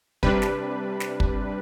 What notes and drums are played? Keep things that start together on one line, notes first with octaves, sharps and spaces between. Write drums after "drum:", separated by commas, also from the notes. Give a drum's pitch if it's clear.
C3 G3 D4 B4, drum: kick
drum: snare
drum: snare
drum: kick